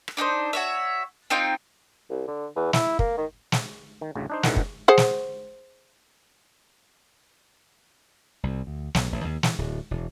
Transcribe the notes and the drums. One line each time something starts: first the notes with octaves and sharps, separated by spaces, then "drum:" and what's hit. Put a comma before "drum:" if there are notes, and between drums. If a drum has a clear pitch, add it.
drum: rim click
D4 D#4 A4 C5
F#4 C#5 E5
C4 D#4 F4 G5
C2
D3
E2
E4, drum: snare
A#3, drum: kick
D#3
drum: snare
D#3
A1 D2 C#3
D4 D#4 C5
C#2 G#2 D3 D#3 E4 F#5, drum: snare
drum: kick
G#4 C5 F#5
drum: snare
C2
D2
B1, drum: snare
A1
D#2
E3, drum: snare
D1
E1